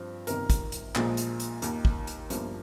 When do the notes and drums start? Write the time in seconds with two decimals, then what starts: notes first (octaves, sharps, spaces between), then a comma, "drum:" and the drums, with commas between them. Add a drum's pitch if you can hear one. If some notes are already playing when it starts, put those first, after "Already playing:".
Already playing: G2 F3 C4
0.27 G1 F2 C3 D#3 A#4, drum: hi-hat
0.50 drum: kick, hi-hat
0.72 drum: hi-hat
0.95 A#1 A#2 F3 G#3, drum: clap
1.17 drum: hi-hat
1.40 drum: hi-hat
1.62 D#2 D#3 A#3, drum: hi-hat
1.85 drum: kick
2.07 drum: hi-hat
2.30 G1 G2 F3 A#3, drum: hi-hat